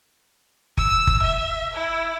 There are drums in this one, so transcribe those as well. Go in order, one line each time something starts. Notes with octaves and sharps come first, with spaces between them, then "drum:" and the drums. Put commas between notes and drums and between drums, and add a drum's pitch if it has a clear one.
E6, drum: kick F#1
drum: kick F#1
E5
E4